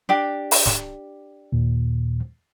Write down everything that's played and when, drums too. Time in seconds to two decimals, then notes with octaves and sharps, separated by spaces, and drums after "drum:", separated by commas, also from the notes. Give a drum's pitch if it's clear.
0.09 D4 G4
0.51 drum: open hi-hat
0.66 drum: snare
1.52 D#2 A#2